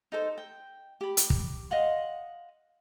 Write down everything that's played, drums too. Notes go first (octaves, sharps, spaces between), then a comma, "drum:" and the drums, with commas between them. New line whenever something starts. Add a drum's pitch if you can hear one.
D#4 A4 C5
G5
G4 B5
drum: hi-hat
drum: kick
D#5 F5 F#5 C6